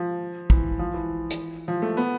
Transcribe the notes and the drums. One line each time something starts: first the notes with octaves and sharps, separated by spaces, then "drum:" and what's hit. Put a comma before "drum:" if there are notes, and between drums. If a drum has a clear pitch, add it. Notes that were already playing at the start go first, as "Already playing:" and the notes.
Already playing: F3
E3, drum: kick
F3
E3
drum: hi-hat
F3
A3
B3